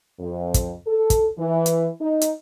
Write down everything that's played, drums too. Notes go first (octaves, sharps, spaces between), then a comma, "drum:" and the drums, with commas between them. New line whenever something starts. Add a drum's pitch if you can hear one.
F2
drum: kick, hi-hat
A4
drum: kick, hi-hat
E3
drum: hi-hat
D#4
drum: hi-hat